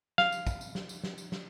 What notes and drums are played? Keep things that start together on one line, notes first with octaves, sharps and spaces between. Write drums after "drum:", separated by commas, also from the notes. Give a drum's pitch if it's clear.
F5, drum: snare
drum: tambourine
drum: kick, tambourine
drum: tambourine
drum: snare
drum: tambourine
drum: snare
drum: tambourine
drum: snare